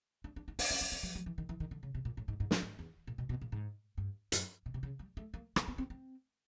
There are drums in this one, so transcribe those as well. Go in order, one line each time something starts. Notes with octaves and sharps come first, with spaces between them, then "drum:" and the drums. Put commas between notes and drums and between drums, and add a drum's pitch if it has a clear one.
D4
D4
D#4
D4, drum: open hi-hat
C#4
C#4
C4
F#3
F#3
E3
D#3
E3
D#3
D3
C#3
C3
A#2
A2
G#2
G#2
A2, drum: snare
G#2
E2
A#2
B2
B2
A#2
G#2
G2
F#2, drum: hi-hat
B2
C3
C#3
G3
A3
A#3
B3, drum: rim click
B3
C4
C4